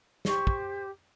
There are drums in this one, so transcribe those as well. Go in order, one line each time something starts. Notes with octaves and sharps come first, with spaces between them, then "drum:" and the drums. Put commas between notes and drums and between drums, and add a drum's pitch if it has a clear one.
G4 C5 C#6, drum: snare
drum: kick